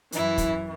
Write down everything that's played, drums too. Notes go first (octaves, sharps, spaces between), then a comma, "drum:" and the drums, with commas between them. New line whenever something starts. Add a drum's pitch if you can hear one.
F#2 E3 E4, drum: hi-hat
drum: kick, hi-hat